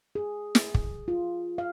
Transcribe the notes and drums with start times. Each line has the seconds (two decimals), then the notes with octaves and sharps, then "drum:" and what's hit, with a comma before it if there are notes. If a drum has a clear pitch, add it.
0.15 G#4
0.55 drum: snare
0.74 drum: kick
1.08 F4
1.58 F5